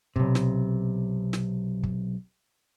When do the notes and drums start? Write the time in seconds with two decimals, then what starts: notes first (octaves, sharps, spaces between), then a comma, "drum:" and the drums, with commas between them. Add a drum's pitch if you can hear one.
0.16 B1 C3, drum: kick
0.35 drum: snare
1.33 drum: snare
1.83 drum: kick